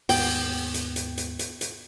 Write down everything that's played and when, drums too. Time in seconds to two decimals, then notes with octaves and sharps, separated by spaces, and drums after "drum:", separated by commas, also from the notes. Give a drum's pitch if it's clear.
0.09 D#2 G#2 B3 G5, drum: open hi-hat
0.74 drum: hi-hat
0.96 drum: hi-hat
1.18 drum: hi-hat
1.39 drum: hi-hat
1.61 drum: hi-hat